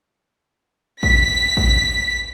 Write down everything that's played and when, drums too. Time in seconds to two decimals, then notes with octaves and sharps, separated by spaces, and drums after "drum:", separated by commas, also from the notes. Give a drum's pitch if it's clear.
1.03 B6, drum: kick
1.57 drum: kick